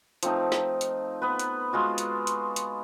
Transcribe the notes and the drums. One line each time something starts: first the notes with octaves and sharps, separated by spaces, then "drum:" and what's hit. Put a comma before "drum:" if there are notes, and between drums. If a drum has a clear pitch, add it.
F3 A3 C4 D#4, drum: hi-hat
drum: snare
drum: hi-hat
B3 B4
drum: hi-hat
G#3 F4 F#4
drum: hi-hat
drum: hi-hat
drum: hi-hat